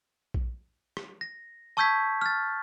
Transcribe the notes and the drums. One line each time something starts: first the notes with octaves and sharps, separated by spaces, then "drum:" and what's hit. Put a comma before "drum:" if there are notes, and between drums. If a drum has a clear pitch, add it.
drum: kick A#1
drum: rim click
A#6
A5 C#6 E6 G6 G#6 B6
F6 A6